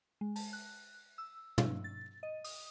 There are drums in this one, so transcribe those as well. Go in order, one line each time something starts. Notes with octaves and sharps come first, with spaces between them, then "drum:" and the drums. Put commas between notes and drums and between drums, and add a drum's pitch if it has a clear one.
G#3
A5, drum: open hi-hat
F#6
E6
drum: tom
A6
D#5
D#6, drum: open hi-hat